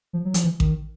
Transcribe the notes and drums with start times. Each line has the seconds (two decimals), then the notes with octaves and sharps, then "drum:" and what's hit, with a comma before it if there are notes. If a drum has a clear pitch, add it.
0.13 F3
0.25 F#3
0.34 F3, drum: hi-hat
0.44 E3
0.60 D#3, drum: kick A1